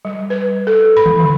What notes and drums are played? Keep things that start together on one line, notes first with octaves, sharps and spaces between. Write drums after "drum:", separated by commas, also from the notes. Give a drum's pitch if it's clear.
G3
B4
A4
B5
drum: tom D#3
D3